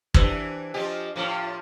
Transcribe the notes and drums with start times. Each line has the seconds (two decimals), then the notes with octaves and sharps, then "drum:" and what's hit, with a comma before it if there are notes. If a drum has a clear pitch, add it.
0.14 E3 D4 G4 C5 E6, drum: kick
0.74 F3 F4 G4 D#5 G#5
1.16 A2 F3 F4 D6